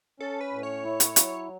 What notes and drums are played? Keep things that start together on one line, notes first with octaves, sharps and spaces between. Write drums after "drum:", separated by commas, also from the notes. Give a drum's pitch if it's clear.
C#4 A4
B4
A2
C#5
E4
drum: hi-hat
F#3, drum: hi-hat